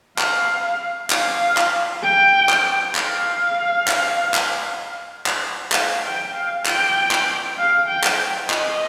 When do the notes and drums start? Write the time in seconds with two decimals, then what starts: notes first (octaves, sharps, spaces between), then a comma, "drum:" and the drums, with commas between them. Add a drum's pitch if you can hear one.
0.18 F5, drum: clap
1.10 F5, drum: clap
1.57 drum: clap
2.03 G5
2.49 drum: clap
2.95 F5, drum: clap
3.88 drum: clap
4.34 drum: clap
5.26 drum: clap
5.72 F5, drum: clap
6.04 G5
6.34 F5
6.65 G5, drum: clap
7.11 drum: clap
7.58 F5
7.89 G5
8.04 drum: clap
8.50 D#5, drum: clap